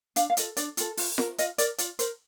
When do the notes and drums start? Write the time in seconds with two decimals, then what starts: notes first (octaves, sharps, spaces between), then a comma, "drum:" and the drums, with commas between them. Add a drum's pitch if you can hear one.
0.16 D4 F5, drum: hi-hat
0.30 F5
0.37 F4 A4 D#5, drum: hi-hat
0.57 D4 D5, drum: hi-hat
0.77 F4 A4, drum: hi-hat
0.97 F4, drum: open hi-hat
1.18 A#4, drum: snare F4
1.38 F4 D#5, drum: hi-hat
1.58 A#4 D5, drum: hi-hat
1.78 F4 D5, drum: hi-hat
1.99 A#4 C5, drum: hi-hat